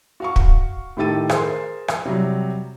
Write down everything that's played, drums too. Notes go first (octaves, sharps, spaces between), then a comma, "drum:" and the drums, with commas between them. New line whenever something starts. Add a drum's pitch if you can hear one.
F#4 F5 C#6
drum: kick
A2 D#3 G4 A4 A6 D#7
G#4 A#4 C5 C6, drum: rim click
drum: rim click
C3 F#3 G3